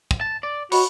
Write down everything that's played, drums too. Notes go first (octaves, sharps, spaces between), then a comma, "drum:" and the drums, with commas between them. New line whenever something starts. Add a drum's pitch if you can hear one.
drum: kick
A5
D5
F#4 C#5 D#5 B5, drum: cymbal